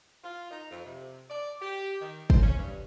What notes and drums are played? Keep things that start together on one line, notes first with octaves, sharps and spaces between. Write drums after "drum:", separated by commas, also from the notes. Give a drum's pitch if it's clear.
F4
D#4
F2
C3
D5
G4
D#3
C5, drum: kick
C#4
G2